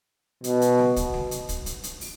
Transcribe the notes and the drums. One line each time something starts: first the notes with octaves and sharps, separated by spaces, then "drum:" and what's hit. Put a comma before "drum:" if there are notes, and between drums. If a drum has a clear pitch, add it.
B2, drum: hi-hat
drum: hi-hat
drum: snare G3
drum: kick, hi-hat
drum: snare G3
drum: hi-hat
drum: kick, hi-hat
drum: hi-hat
drum: hi-hat
drum: open hi-hat